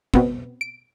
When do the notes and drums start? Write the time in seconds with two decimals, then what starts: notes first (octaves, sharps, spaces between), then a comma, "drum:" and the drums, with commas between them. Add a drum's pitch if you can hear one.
0.14 B2 B3 C4, drum: kick
0.61 D7